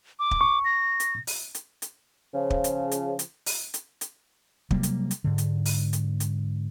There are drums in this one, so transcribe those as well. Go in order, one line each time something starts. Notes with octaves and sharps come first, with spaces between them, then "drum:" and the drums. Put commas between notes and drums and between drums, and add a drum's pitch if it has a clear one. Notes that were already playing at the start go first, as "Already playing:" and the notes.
D6
drum: kick
C#6
A#6
drum: hi-hat
drum: open hi-hat
drum: hi-hat
drum: hi-hat
C#3 F3
drum: kick
drum: hi-hat
drum: hi-hat
drum: hi-hat
drum: open hi-hat
drum: hi-hat
drum: hi-hat
C3 F#3 G3 A#3, drum: kick
drum: hi-hat
drum: hi-hat
G#2 D3
drum: hi-hat
drum: open hi-hat
drum: hi-hat
drum: hi-hat